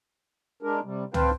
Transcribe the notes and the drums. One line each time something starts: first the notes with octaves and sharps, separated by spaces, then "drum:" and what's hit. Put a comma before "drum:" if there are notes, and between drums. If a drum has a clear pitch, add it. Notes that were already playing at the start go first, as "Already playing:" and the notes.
G#3 D4 A#4
C3 G3
C4 B4 C5 F5 G5 A5, drum: tom